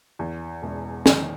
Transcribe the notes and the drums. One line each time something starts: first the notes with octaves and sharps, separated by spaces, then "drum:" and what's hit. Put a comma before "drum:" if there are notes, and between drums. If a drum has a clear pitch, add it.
E2
E1
D#3, drum: snare